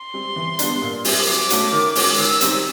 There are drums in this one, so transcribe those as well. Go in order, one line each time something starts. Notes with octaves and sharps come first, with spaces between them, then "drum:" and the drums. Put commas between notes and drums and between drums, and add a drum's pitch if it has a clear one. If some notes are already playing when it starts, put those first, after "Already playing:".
Already playing: C6
G3 C4
E3
G3 B3 D4, drum: hi-hat
A#2
G3 C4 E4 G4, drum: open hi-hat
F#3 D6
A3 C#4 F#4, drum: hi-hat
D#3
G#3 C#4 F#4, drum: open hi-hat
D#3 E6
G3 C4 D#4, drum: hi-hat